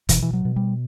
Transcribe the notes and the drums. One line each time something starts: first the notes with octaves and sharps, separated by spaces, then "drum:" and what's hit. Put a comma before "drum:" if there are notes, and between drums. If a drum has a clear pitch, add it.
B2 E3, drum: kick, hi-hat
E3
F#3
B2
G3